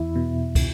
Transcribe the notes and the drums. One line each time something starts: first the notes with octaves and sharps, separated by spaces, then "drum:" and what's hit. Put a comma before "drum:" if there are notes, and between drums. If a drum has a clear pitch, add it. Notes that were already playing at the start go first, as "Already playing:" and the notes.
Already playing: E2 E4
B2
drum: kick, cymbal